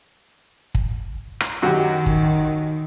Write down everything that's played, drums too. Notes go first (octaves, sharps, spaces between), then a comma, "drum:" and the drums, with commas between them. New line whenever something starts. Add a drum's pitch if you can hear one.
drum: kick
drum: rim click
F#2 D#3 F#4 G4
drum: kick